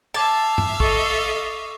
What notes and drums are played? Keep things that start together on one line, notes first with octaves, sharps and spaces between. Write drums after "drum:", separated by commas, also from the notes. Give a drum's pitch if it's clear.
E5 F5 A5 D6 G#6 G7
drum: tom
A4 D#5 C#6, drum: kick